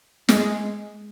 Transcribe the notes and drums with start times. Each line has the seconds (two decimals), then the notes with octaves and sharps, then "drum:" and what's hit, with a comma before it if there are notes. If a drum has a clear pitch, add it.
0.29 G#3, drum: snare